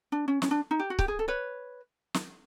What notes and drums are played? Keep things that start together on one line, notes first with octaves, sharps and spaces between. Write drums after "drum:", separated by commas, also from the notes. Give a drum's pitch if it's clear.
D4
C#4
C#4, drum: snare
D4
D#4
G4
F#4
G4, drum: kick C#1
G#4
A4
B4 C#5
drum: snare